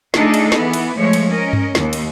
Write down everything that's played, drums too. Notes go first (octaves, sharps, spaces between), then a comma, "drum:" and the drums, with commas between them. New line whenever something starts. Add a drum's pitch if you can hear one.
A3 D4 D#4 F4 G#4 A4, drum: snare
drum: cymbal
E3 B3, drum: snare
drum: cymbal
F3 G#3 A3 C#5
drum: cymbal
C#4 A#4 D#5
drum: tom G2
D#2, drum: snare
drum: cymbal